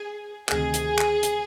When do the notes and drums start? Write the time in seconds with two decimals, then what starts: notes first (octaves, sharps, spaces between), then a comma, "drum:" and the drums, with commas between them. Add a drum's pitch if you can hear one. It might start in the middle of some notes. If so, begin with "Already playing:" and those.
Already playing: G#4
0.49 D2 C3 D#3 G#4, drum: clap
0.74 drum: hi-hat
0.98 drum: clap
1.23 drum: hi-hat